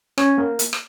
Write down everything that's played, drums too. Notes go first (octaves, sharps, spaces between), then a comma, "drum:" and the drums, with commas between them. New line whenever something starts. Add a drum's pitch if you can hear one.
C#4 C#5, drum: rim click
A#3 A#4
drum: hi-hat
drum: rim click